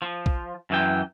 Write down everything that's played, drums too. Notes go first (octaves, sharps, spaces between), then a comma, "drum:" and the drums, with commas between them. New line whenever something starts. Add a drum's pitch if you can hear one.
F3
drum: kick
F#2 E3 G5